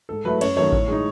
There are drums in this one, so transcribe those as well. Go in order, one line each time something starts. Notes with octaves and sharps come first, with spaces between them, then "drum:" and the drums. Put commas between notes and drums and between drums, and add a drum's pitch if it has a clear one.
G#2 A4
F#3 A3 E4 B4
F#2 C#5, drum: cymbal
D#3 F#3 A3 C#5
A2, drum: kick A1
G#3 D#4